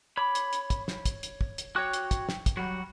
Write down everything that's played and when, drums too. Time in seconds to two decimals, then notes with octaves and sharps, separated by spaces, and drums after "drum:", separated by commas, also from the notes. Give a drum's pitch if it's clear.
0.17 C#5 B5 D6
0.35 drum: hi-hat
0.53 drum: hi-hat
0.70 drum: kick, hi-hat
0.88 drum: snare
1.05 drum: kick, hi-hat
1.23 drum: hi-hat
1.41 drum: kick
1.58 drum: hi-hat
1.76 F#4 C#5 G5 D6 F#6
1.93 drum: hi-hat
2.11 drum: kick, hi-hat
2.29 drum: snare
2.46 drum: kick, hi-hat
2.57 F#3 G3 F#4